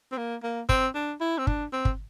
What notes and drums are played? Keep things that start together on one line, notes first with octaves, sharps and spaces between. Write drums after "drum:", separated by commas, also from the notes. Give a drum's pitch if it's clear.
C4
A#3
A#3
C4, drum: kick
D4
E4
C4
D4, drum: kick
C4
drum: kick